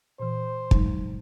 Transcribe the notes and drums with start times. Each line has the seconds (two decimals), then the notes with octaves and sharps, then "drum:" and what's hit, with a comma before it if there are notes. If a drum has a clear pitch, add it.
0.20 A#2 E3 C5
0.71 F#3 G#3 D#4, drum: kick